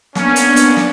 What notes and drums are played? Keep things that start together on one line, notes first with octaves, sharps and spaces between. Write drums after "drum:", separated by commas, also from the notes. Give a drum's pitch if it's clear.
A#3 B3 C#4 D4, drum: snare
drum: hi-hat
drum: hi-hat
drum: snare